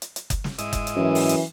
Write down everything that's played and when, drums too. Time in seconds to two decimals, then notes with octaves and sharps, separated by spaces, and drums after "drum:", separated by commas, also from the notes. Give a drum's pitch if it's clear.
0.02 drum: hi-hat
0.16 drum: hi-hat
0.30 drum: kick F#1, hi-hat
0.44 drum: snare
0.58 G#2 E4 D#5, drum: hi-hat
0.73 drum: kick F#1, hi-hat
0.87 drum: hi-hat
0.96 F#2 E3
1.15 drum: open hi-hat
1.29 drum: hi-hat